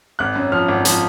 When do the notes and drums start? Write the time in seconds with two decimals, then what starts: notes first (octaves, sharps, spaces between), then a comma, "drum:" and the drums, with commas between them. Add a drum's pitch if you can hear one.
0.19 G#1 F#6
0.35 F#2
0.52 F3 F6
0.68 G#1
0.85 F3, drum: hi-hat